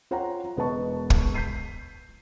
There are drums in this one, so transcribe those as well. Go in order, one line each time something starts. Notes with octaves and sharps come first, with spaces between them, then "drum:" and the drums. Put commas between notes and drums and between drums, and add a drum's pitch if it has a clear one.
F4 C5 C#5 F#5 G5 A#5
E1 B3 B4 D#5 A5 C#6
drum: kick
G6 B6 C7 D#7